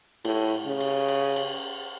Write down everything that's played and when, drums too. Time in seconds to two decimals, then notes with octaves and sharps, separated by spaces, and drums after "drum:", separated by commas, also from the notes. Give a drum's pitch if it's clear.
0.25 A2, drum: cymbal
0.67 C#3
0.81 drum: cymbal
1.08 drum: cymbal
1.36 drum: cymbal